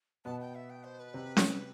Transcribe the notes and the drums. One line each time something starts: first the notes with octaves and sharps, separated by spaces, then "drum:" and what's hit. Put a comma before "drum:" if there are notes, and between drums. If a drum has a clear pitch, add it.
B2 B3 A5
G5
E5
G5
C5
B4
C3 C4
drum: snare C#4